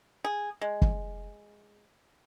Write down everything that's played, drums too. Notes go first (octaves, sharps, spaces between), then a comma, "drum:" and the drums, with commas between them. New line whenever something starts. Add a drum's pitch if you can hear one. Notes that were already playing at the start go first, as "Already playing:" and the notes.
G#4
G#3
drum: kick